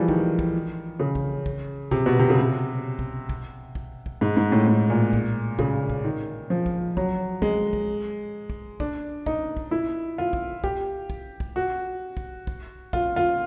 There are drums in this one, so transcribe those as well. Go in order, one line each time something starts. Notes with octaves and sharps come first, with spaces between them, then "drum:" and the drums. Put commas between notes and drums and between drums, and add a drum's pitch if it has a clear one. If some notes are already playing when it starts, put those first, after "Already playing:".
Already playing: E3 F3 G3 G#3
D#3, drum: kick
drum: kick
C#3
drum: kick
drum: kick
C3, drum: kick
B2
C3
C#3
C3
drum: kick
drum: kick
drum: kick
drum: kick
G#2
G#2
A2
A2
A#2
drum: kick
C#3, drum: kick
drum: kick
D#3
F3
drum: kick
F#3, drum: kick
G#3, drum: kick
drum: kick
drum: kick
D4, drum: kick
D#4, drum: kick
drum: kick
E4
F4
drum: kick
G4, drum: kick
drum: kick
drum: kick
F#4
drum: kick
drum: kick
F4, drum: kick
F4